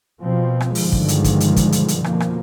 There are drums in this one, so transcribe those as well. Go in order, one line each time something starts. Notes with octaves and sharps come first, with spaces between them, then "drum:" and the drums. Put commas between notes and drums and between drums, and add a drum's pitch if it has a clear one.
B2 F3 C4
drum: rim click
G2 B2 D3 D#3 F3 G#3, drum: open hi-hat
drum: kick
drum: hi-hat
drum: kick, hi-hat
drum: hi-hat
drum: kick, hi-hat
drum: hi-hat
drum: hi-hat
F2 B2 F3 A#3, drum: rim click
drum: rim click